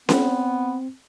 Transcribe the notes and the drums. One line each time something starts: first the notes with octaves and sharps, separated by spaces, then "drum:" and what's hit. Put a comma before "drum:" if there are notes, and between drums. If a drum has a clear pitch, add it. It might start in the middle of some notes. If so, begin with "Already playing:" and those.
B3 C4, drum: snare C#4